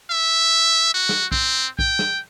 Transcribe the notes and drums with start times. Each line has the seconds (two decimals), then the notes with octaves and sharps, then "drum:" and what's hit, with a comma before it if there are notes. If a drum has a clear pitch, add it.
0.10 E5
0.94 F#4
1.09 drum: snare
1.32 C4, drum: kick
1.79 G5, drum: kick
1.99 drum: snare